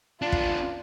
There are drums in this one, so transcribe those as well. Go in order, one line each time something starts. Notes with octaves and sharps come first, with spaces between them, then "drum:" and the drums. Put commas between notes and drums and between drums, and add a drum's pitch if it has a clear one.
B3 D4 F4
drum: kick